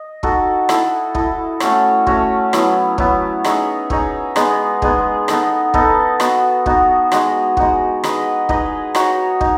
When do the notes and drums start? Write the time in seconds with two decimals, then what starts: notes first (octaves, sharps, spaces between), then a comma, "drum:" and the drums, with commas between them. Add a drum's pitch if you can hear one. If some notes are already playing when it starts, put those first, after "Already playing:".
Already playing: D#5
0.23 D#4 F#4 A4, drum: kick
0.69 E4 A4 D#5, drum: rim click
1.15 E4 A4 D#5, drum: kick
1.60 A3 C#4 F#4 C#5, drum: rim click
2.07 A3 C#4 F#4 C#5, drum: kick
2.53 F#3 B3 E4, drum: rim click
2.98 F#3 B3 E4, drum: kick
3.44 D#4 G#4 C#5 E5, drum: rim click
3.90 D#4 G#4 C#5 E5, drum: kick
4.36 G#3 B3 D#4 G#4, drum: rim click
4.82 G#3 B3 D#4 G#4, drum: kick
5.28 B3 D#4 A4 D#5, drum: rim click
5.74 B3 D#4 A4 D#5, drum: kick
6.20 B3 D#4 F#4, drum: rim click
6.66 B3 D#4 F#4, drum: kick
7.12 G#3 D#4 F#4, drum: rim click
7.57 G#3 D#4 F#4, drum: kick
8.04 D#4 G#4 B4 D#5, drum: rim click
8.49 D#4 G#4 B4 D#5, drum: kick
8.95 D#4 F#4 C#5, drum: rim click
9.41 D#4, drum: kick